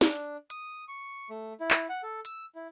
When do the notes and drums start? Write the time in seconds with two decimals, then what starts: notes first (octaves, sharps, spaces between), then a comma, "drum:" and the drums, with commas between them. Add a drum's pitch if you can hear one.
0.01 D4, drum: snare
0.50 D#6, drum: hi-hat
0.88 C#6
1.30 A3
1.60 E4
1.70 drum: clap
1.89 F#5
2.03 A4
2.25 E6, drum: hi-hat
2.55 E4